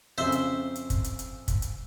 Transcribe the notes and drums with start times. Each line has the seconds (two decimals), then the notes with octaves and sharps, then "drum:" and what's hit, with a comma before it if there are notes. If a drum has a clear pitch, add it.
0.18 F2 C#3 C5 E5
0.32 drum: hi-hat
0.76 drum: hi-hat
0.90 drum: kick, hi-hat
1.04 drum: hi-hat
1.19 drum: hi-hat
1.48 drum: kick, hi-hat
1.62 drum: hi-hat